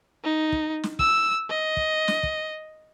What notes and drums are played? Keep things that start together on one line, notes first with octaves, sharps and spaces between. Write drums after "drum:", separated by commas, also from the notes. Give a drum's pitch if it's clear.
D#4
drum: kick
drum: snare
E6, drum: kick
D#5
drum: kick
drum: snare
drum: kick